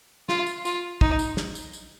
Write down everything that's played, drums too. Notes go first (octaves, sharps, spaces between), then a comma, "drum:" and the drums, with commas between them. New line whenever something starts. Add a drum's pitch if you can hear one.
F4, drum: snare
drum: tambourine
F4, drum: tambourine
D#4, drum: kick
drum: tambourine
drum: snare
drum: tambourine
drum: tambourine